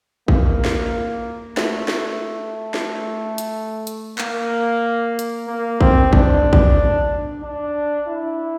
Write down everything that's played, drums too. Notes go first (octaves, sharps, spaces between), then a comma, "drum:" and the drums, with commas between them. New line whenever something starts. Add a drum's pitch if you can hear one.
A#3, drum: kick A1
drum: snare
A3, drum: snare
drum: snare
drum: snare
drum: hi-hat
drum: hi-hat
A#3, drum: clap
drum: hi-hat
A#3
C4, drum: kick A1
D4, drum: kick A1
drum: kick A1
D4
E4